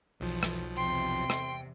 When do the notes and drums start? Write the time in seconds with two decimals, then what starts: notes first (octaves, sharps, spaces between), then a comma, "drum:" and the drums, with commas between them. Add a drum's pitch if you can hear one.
0.21 B1 E2 F3
0.43 drum: rim click
0.77 E2 C3 G5 C6
1.30 drum: rim click